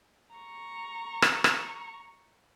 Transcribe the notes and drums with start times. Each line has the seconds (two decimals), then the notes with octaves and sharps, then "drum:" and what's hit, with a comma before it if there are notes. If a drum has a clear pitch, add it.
0.35 A#5 C#6
1.22 drum: rim click
1.44 drum: rim click